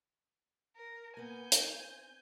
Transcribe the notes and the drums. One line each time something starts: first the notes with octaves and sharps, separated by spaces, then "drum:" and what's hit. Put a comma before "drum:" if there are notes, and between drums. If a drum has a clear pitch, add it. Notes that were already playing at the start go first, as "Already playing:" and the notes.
A#4
A#3 B3 G#5 G6
C4, drum: hi-hat